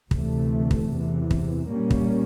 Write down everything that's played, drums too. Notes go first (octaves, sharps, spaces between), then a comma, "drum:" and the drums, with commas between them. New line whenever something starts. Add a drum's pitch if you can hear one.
D2 C3 E3 A3, drum: kick
drum: kick
E2 C3 E3
drum: kick
A#2 G3 A#3 C#4
drum: kick